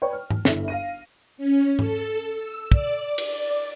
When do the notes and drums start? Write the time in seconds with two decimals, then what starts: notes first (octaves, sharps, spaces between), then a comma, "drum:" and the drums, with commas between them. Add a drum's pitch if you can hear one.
0.02 B4 C#5 D5 G5 C#6
0.13 F6
0.30 drum: tom G#2
0.45 G1 D3 E4 E5, drum: snare
0.68 F5 A#6 D#7
1.38 C#4
1.79 A4, drum: tom G#2
2.33 E6
2.72 D5, drum: kick
3.18 drum: cymbal